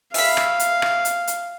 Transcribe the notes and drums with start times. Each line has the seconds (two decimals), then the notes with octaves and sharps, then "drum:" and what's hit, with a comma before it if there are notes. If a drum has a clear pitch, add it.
0.14 E5 F5 B5, drum: open hi-hat
0.37 drum: rim click
0.60 drum: hi-hat
0.82 drum: rim click
1.05 drum: hi-hat
1.27 drum: hi-hat